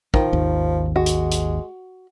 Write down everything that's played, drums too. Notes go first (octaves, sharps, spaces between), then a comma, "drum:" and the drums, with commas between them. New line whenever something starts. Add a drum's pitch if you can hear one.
D#3 F3, drum: kick
G#1 D#2
G#3 F#4
drum: hi-hat
drum: hi-hat